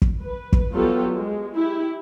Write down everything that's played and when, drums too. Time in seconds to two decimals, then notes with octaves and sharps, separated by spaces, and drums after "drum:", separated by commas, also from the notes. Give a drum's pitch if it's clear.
0.02 drum: kick
0.23 B4
0.53 drum: kick
0.73 F#3 G3 B3 F4 G4 A4
1.11 G#3
1.54 E4 G4